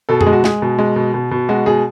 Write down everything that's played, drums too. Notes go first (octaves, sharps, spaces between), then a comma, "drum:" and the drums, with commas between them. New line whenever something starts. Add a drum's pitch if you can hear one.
B2 A4
G#4, drum: tom F#2
G#3
F#4
G#3 G#4, drum: snare
B2
G#3
B2
B2
B2
G#3 F#4
B2 G#4